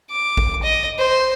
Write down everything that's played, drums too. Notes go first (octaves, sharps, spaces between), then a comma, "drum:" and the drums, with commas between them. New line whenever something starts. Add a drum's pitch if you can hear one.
D6
drum: kick A1
D#5
C5